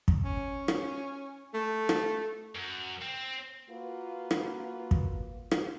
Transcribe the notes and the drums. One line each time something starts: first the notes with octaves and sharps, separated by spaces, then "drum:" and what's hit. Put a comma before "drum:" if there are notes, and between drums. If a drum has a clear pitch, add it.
drum: kick
C#4
drum: rim click
A3
drum: rim click
F#2
C4
A#3 F4 F#4 B4
drum: rim click
drum: kick
drum: rim click